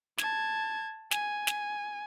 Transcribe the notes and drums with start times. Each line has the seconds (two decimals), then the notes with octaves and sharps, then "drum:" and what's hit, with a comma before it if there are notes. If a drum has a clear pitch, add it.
0.18 A5 G#6, drum: snare
1.11 G#5, drum: snare
1.47 drum: snare